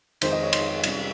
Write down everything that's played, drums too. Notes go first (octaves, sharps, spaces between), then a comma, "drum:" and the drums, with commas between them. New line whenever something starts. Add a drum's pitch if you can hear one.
F2 D#3 G#3 D#4 C5, drum: cymbal
D#5
C#5
C6, drum: cymbal
C3 G3 C#4, drum: cymbal